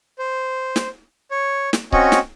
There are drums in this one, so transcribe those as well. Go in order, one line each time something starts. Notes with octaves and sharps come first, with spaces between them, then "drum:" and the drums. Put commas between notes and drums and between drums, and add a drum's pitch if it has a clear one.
C5
drum: snare
C#5
drum: snare
C4 C#4 F#4 C#5 D#5, drum: kick C#1
drum: snare